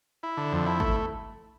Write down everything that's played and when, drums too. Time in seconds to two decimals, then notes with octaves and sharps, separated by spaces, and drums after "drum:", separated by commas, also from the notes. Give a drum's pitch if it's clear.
0.23 E4
0.37 D3
0.53 F2
0.66 E4
0.80 A3, drum: kick